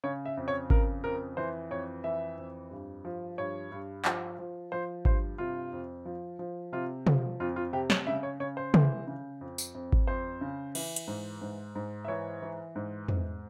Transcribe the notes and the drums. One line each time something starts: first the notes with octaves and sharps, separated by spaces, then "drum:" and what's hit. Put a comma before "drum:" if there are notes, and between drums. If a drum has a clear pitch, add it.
C#3 C#5
E5
F2
C#5
C#3 A#4, drum: kick G#1
F2 A#4
E3 C5
F2 C#5
E3 E5
F2
G2
F3
G2 C#5
G2
F3, drum: clap
F3
F3 C5
G2 C5, drum: kick G#1
C3 F4
F2
F3
F3
C3 F4
F3, drum: tom
F2 F4
F4
C3 G4
C#5, drum: snare
C#3 E5
C#5
C#3 C#5
C5
E3, drum: tom
C#3
F2
drum: tambourine
F2
drum: kick G#1
F2 C5
C#3
E3, drum: cymbal
drum: hi-hat
G#2
G#2
G#2
E5
E3 C#5
E3
G#2
G#2, drum: tom